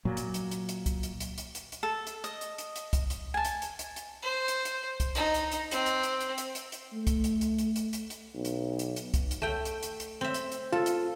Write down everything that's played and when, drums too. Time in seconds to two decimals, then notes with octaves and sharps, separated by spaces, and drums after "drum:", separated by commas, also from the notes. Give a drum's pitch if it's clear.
0.05 A#2 F#3
0.17 drum: hi-hat
0.34 drum: hi-hat
0.51 drum: hi-hat
0.69 drum: hi-hat
0.86 drum: kick C2, hi-hat
1.03 drum: hi-hat
1.20 drum: hi-hat
1.38 drum: hi-hat
1.55 drum: hi-hat
1.72 drum: hi-hat
1.83 A4
2.07 drum: hi-hat
2.24 D#5, drum: hi-hat
2.41 drum: hi-hat
2.58 drum: hi-hat
2.76 drum: hi-hat
2.93 drum: kick C2, hi-hat
3.10 drum: hi-hat
3.34 G#5 A5
3.45 drum: hi-hat
3.62 drum: hi-hat
3.79 drum: hi-hat
3.96 drum: hi-hat
4.22 C5
4.48 drum: hi-hat
4.65 drum: hi-hat
5.00 drum: kick C2, hi-hat
5.15 D#4, drum: hi-hat
5.34 drum: hi-hat
5.52 drum: hi-hat
5.71 C4, drum: hi-hat
5.86 drum: hi-hat
6.03 drum: hi-hat
6.21 drum: hi-hat
6.38 drum: hi-hat
6.55 drum: hi-hat
6.72 drum: hi-hat
6.93 A3
7.07 drum: kick C2, hi-hat
7.24 drum: hi-hat
7.41 drum: hi-hat
7.58 drum: hi-hat
7.76 drum: hi-hat
7.93 drum: hi-hat
8.10 drum: hi-hat
8.35 B1
8.45 drum: hi-hat
8.79 drum: hi-hat
8.96 drum: hi-hat
9.14 drum: kick C2, hi-hat
9.31 drum: hi-hat
9.42 A3 G5
9.65 drum: hi-hat
9.83 drum: hi-hat
10.00 drum: hi-hat
10.21 C4 E5
10.34 drum: hi-hat
10.52 drum: hi-hat
10.72 F4 A4
10.86 drum: hi-hat